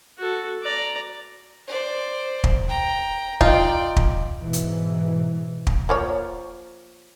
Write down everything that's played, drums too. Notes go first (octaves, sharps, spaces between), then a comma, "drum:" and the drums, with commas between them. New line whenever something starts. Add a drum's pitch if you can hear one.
F#4 A4
D5 A#5
C5 D5
drum: kick
G5 A#5
D#4 F4 D5 G5, drum: kick
drum: kick
G#2 B2 E3
drum: hi-hat
drum: kick
F3 A#3 C#5